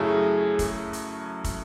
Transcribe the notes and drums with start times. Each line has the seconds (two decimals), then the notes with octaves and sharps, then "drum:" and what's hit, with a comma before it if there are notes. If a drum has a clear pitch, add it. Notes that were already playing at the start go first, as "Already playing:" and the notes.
Already playing: F#2 C#3 F#3 A3 E4 G#4
0.59 drum: kick, hi-hat
0.93 drum: hi-hat
1.44 drum: kick, hi-hat